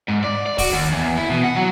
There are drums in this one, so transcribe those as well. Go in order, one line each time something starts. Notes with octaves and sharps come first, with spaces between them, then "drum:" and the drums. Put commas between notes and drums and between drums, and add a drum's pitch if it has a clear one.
G#2
D5
D5
F#4, drum: kick D1, open hi-hat
D#2
E2
E4
B2
F#5
F#3